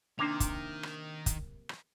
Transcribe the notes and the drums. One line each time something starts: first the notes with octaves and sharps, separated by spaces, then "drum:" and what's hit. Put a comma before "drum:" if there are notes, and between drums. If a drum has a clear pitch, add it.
C3 D#3 A#3 D4 C5 D6 F7
drum: kick, hi-hat
drum: rim click
drum: kick, hi-hat
drum: rim click